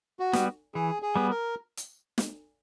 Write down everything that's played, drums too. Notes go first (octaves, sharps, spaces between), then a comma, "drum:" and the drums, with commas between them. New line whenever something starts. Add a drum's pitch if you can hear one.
F#4
G3 B3, drum: snare
E3 G#4
G#4
G3 B3
A#4
drum: hi-hat
drum: snare